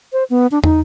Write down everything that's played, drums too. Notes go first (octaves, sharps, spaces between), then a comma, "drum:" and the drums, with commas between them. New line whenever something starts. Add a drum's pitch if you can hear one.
C5
B3
D4
D#4, drum: tom